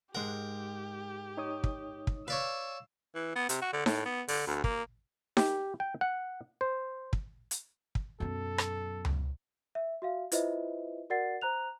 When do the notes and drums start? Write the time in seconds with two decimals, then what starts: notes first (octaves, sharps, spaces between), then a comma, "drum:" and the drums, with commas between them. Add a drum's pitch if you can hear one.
0.15 G#2 G#3 G4 A#4 F#5
1.37 D#4 C#5 D#6
1.64 drum: kick
2.07 drum: kick
2.28 B4 C#5 D5 F5 E6
3.15 E3
3.36 B3
3.49 C3, drum: hi-hat
3.62 F#4
3.73 D3
3.86 A2, drum: snare D#4
4.05 B3
4.29 D3, drum: open hi-hat
4.47 D2
4.64 A#3, drum: kick
5.37 G4, drum: snare D#4
5.80 G5
6.01 F#5
6.61 C5
7.13 drum: kick
7.51 drum: hi-hat
7.95 drum: kick
8.20 F#2 B2 A4
8.58 drum: rim click
9.05 drum: tom C#2
9.75 E5
10.02 F#4 E5 F5
10.32 E4 F4 B4 C5 D#5 E5, drum: hi-hat
11.10 F#4 A#4 D5 F#5 A6 C7
11.41 C5 A#5 F#6 F7